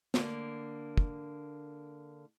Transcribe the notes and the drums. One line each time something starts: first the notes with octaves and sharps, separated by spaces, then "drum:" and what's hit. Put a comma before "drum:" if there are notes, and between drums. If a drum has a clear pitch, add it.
D3 A#3, drum: snare
drum: kick